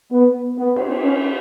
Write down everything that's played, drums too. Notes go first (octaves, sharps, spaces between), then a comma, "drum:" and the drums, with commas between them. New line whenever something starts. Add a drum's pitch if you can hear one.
B3
B3
drum: cymbal
C#4